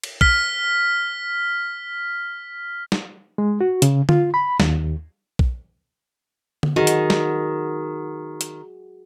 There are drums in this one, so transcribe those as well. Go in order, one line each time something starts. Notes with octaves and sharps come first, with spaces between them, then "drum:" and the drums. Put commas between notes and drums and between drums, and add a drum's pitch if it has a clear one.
drum: cymbal
F6 B6, drum: kick
drum: snare
G#3
F#4
C#3, drum: hi-hat
F4, drum: tom D3
B5
D#2, drum: snare
drum: kick
drum: tom D3
D#3 F#4 G#4
drum: hi-hat
drum: snare
drum: hi-hat